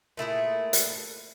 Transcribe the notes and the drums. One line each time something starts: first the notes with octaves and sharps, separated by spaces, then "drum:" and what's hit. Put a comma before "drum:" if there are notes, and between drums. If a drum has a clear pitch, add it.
A#2 A3 E4 G#4
drum: hi-hat